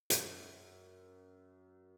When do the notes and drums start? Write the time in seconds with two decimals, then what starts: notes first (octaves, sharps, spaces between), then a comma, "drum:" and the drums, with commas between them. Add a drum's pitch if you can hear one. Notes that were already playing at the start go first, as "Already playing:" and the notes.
0.10 F#2, drum: hi-hat